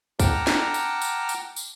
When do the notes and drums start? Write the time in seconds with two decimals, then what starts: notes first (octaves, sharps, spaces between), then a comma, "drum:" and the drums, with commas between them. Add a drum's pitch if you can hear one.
0.20 F#5 G5 A5 A#5 D6 F6, drum: kick, tambourine
0.47 drum: snare
0.74 drum: tambourine
1.02 drum: tambourine
1.29 drum: tambourine
1.56 drum: tambourine